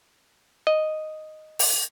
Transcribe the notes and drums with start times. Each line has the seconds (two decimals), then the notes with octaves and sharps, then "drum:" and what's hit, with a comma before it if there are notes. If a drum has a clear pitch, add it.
0.67 D#5
1.59 drum: open hi-hat